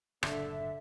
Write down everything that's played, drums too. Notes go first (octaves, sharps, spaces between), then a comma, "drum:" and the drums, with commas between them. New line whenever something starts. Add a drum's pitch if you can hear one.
F#1 A2 D3 E5, drum: rim click